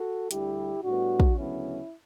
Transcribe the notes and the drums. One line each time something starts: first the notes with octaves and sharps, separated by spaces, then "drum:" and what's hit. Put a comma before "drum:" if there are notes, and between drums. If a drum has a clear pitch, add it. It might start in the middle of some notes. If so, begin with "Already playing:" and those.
Already playing: F#4 A4
D2 D3 G3 E4 G4, drum: hi-hat
A2 G3 B3 D4 F#4
drum: kick
D2 C#3 F#3 B3 C#4 E4